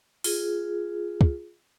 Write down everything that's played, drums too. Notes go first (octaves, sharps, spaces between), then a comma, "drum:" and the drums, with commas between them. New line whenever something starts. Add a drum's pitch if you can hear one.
F4 G#4, drum: open hi-hat
drum: kick